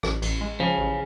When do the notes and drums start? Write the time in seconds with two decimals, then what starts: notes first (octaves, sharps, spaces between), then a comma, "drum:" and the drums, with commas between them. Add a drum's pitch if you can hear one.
0.03 A1, drum: rim click
0.22 A1, drum: cymbal
0.41 G#3
0.60 C#3 F3
0.78 A1